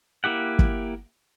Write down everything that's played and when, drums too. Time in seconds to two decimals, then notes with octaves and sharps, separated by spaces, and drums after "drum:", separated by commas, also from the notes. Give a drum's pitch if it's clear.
0.24 A#3 E4 G4 F#5
0.59 drum: kick